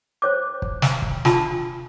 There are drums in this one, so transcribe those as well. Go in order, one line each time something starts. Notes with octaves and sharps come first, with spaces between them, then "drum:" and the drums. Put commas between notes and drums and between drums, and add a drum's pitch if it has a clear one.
C5 C#5 D6
drum: kick
drum: snare
drum: kick
D4 F4 A5 B5 D#6, drum: snare